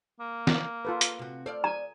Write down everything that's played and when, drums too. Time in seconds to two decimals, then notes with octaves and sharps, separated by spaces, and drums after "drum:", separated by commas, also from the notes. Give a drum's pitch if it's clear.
0.20 A#3
0.47 drum: snare
0.85 F4 A4 B4
1.01 drum: hi-hat
1.19 C3 F#4
1.46 A4 C5 D5 F5
1.64 G#5 A#5